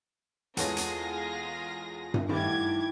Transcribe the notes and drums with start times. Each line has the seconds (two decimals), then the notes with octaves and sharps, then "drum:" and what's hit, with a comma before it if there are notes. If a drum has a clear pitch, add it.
0.57 E2 G#3 F4 G#4 A4 B4 C#5 A#6, drum: hi-hat
0.77 drum: hi-hat
2.14 drum: tom G2
2.29 G2 B2 D#3 E3 G3 A3 D6 G#6